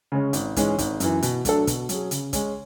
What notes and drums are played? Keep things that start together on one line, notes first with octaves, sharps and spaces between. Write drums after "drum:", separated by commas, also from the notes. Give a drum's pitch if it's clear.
C#3 G#3 C#4
G#1, drum: hi-hat
G#2 E3 G#3 C#4, drum: kick, hi-hat
G#1, drum: kick, hi-hat
F#2 E3, drum: hi-hat
B2, drum: hi-hat
F#3 A3 D4 A4, drum: kick, hi-hat
B2, drum: kick, hi-hat
F#3 C#4 G#4, drum: hi-hat
C#3, drum: hi-hat
G#3 C#4, drum: kick, hi-hat